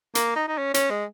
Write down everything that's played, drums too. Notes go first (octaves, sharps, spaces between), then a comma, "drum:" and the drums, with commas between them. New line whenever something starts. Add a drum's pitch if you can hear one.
A#3, drum: hi-hat
D#4
D#4
C#4
C#4, drum: hi-hat
G#3